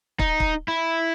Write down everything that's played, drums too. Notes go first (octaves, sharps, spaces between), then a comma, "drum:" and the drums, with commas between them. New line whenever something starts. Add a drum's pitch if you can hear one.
D#4, drum: kick
drum: kick
E4